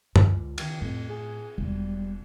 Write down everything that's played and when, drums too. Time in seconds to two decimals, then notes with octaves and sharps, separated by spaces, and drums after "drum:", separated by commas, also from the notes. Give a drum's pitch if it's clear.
0.16 C#2 D3, drum: tom
0.58 D#3, drum: cymbal
0.81 F2 A2
1.09 G#4
1.58 E1 G3